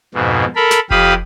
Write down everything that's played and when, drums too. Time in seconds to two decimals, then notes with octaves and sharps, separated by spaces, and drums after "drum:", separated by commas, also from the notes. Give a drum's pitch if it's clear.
0.15 F2 G#2 B2
0.56 A4 A#4 B5
0.71 drum: snare
0.91 F2 G4 F5 B5 D#6, drum: kick F1